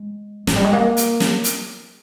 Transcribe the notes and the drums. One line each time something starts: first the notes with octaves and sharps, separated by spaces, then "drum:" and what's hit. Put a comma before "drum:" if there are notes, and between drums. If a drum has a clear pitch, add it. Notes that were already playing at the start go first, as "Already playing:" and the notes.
Already playing: G#3
F3, drum: snare
G3
G#3
A#3
drum: hi-hat
drum: snare
drum: hi-hat